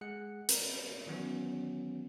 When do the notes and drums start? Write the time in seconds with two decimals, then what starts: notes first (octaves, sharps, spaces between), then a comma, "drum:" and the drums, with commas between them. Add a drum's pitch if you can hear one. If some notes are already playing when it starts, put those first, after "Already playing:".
0.01 G#3 G#4 F#5 F#6 C#7
0.49 A#4 B4, drum: hi-hat
1.06 D#3 E3 F#3 B3 C#4